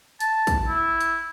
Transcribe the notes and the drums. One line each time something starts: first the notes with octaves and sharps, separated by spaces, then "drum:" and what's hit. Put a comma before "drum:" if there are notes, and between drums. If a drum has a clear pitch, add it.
A5, drum: hi-hat
drum: kick, hi-hat
E4
drum: hi-hat